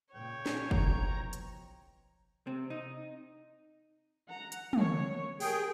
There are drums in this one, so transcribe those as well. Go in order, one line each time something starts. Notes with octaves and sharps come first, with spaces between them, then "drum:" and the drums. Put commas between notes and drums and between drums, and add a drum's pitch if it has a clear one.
A#2 C#3 C#5 G5
drum: snare
B1 F3 A#5, drum: kick F#1
drum: hi-hat
C3 C4
D#4
F#5 A#5
drum: hi-hat
A#3 C#5, drum: tom
G4 G#4 A#4 G5, drum: open hi-hat